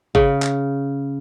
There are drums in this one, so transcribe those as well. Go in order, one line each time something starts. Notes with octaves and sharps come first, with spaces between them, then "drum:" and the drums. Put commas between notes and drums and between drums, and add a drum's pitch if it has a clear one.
C#3, drum: kick G#1
drum: clap